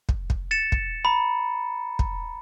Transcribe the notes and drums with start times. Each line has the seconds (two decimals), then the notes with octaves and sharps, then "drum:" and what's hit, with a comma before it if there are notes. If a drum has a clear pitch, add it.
0.09 drum: kick
0.30 drum: kick
0.51 A6 C#7 E7
0.72 drum: kick
1.05 A#5 B5
1.99 drum: kick